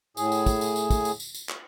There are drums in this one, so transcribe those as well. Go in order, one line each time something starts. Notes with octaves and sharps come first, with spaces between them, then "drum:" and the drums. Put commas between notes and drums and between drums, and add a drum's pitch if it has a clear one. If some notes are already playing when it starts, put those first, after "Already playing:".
A2 G#4, drum: tambourine
drum: tambourine
drum: kick, tambourine
drum: tambourine
drum: tambourine
drum: kick, tambourine
drum: tambourine
drum: tambourine
drum: tambourine
drum: clap